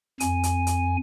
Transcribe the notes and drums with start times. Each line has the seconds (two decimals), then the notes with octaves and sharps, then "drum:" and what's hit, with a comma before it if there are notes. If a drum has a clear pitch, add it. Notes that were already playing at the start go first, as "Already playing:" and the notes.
0.20 F2 G#5, drum: hi-hat
0.43 drum: hi-hat
0.67 drum: hi-hat